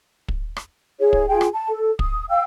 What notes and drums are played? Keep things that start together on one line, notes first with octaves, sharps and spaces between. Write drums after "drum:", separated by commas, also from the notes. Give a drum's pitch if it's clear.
drum: kick
drum: rim click
E4 G#4 C#5
drum: kick
F4 G#4 G5
drum: rim click
A5
A4
D#6, drum: kick
F5 G5 E6